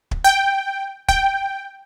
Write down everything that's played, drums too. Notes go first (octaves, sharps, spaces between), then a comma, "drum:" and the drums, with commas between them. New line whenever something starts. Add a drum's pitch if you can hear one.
drum: kick
G5
G5, drum: kick